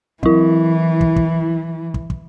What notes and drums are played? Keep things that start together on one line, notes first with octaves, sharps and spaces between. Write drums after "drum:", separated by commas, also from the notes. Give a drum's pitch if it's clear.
E3 F#3 E4, drum: kick
drum: kick
drum: kick
drum: kick
drum: kick